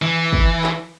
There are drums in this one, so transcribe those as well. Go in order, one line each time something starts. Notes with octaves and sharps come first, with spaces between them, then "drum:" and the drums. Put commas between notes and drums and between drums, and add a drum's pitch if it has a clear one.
E3
drum: kick
drum: clap